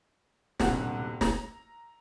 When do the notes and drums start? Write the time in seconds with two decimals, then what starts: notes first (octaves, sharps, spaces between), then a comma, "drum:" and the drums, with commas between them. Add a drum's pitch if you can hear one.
0.59 D#1 B1 G2 C3 F#5 E7, drum: snare
1.21 A#5, drum: snare